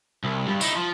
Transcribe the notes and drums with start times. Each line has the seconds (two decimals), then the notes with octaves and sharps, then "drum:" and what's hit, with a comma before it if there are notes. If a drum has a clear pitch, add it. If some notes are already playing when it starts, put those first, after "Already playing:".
0.24 C2
0.48 G2
0.61 D#4 E4, drum: tambourine
0.76 F3